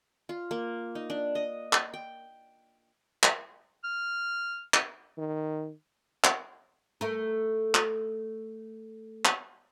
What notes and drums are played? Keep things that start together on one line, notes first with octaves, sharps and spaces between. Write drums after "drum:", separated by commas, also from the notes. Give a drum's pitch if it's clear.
F4
A#3
D#4
D4
D#5
drum: clap
G5
drum: clap
F6
drum: clap
D#3
drum: clap
A3 A#4
drum: clap
drum: clap